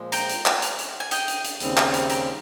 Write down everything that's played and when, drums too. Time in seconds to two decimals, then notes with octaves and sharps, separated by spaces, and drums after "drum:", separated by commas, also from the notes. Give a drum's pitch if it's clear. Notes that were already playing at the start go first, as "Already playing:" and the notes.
Already playing: A#2 F3 G#3
0.12 G5 A#5, drum: hi-hat
0.29 drum: hi-hat
0.46 drum: clap
0.62 drum: hi-hat
0.79 drum: hi-hat
1.00 G#5
1.11 D#5 G5, drum: hi-hat
1.28 drum: hi-hat
1.44 drum: hi-hat
1.60 D#2 C#3 G3 C4, drum: hi-hat
1.77 drum: clap
1.94 drum: hi-hat
2.10 G5 A#5, drum: hi-hat